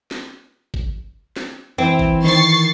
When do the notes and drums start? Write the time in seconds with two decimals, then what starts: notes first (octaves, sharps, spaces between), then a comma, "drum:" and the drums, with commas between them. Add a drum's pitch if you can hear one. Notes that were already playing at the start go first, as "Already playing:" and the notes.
0.11 drum: snare
0.74 drum: kick
1.36 drum: snare
1.78 E3 C4
1.99 drum: kick
2.24 D#3 C#6 A6 C7